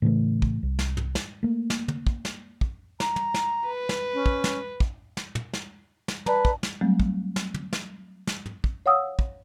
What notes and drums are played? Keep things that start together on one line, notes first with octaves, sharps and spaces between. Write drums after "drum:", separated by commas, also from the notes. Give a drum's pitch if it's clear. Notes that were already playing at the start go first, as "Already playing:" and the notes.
A2 C#3 E3 A3
drum: kick
C2
drum: snare
drum: tom
drum: snare
A3 A#3
drum: snare
drum: tom
drum: kick
drum: snare
drum: kick
A#5, drum: snare
drum: tom
drum: snare
B4
drum: snare
C#4
drum: kick
drum: snare
drum: kick
drum: snare
drum: tom
drum: snare
drum: snare
B4 D5 A5 A#5, drum: tom
drum: kick
drum: snare
F#3 G3 A3 C4
drum: kick
drum: snare
drum: tom
drum: snare
drum: snare
drum: tom
drum: kick
C#5 F5 F#5 D#6 E6
drum: kick